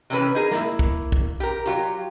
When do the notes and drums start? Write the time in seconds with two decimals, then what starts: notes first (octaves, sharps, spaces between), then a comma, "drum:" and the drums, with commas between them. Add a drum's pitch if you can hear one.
0.10 C3 E3 C#4 B4
0.35 D#4 G#4 A#4
0.51 A#3 E4, drum: snare
0.79 drum: kick B1
1.12 drum: kick B1
1.40 G4 A#4
1.66 F#3 F4 G4, drum: hi-hat